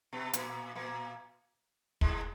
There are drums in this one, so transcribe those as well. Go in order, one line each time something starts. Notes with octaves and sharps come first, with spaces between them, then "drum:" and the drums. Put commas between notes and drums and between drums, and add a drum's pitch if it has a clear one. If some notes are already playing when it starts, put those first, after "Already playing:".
B2 B3
A#2 A#3, drum: hi-hat
A#2 A#3
G#2 G#3, drum: kick